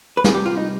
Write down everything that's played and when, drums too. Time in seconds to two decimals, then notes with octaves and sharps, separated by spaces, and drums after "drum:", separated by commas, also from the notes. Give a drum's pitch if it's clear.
0.17 B4
0.24 C3 G3 G#4, drum: snare
0.35 G4
0.46 F4
0.57 D#4